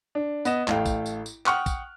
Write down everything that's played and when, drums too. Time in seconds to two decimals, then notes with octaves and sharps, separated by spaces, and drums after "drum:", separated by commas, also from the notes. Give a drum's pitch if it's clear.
0.15 D4
0.45 B3 D#5 E7, drum: tambourine
0.68 A1 A3 F5 G5, drum: clap
0.86 drum: kick, tambourine
1.06 drum: tambourine
1.26 drum: tambourine
1.46 F#5 G5 C#6 D#6 F6 F#6, drum: clap
1.66 drum: kick, tambourine